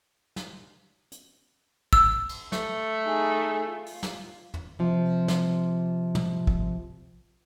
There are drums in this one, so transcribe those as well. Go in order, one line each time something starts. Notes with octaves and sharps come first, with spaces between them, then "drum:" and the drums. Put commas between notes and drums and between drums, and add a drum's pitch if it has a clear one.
drum: snare
drum: hi-hat
E6, drum: kick
drum: cymbal
A3, drum: snare
D#4 G#4
F4
drum: open hi-hat
drum: snare
drum: tom
C3 F3
drum: snare
drum: tom
drum: kick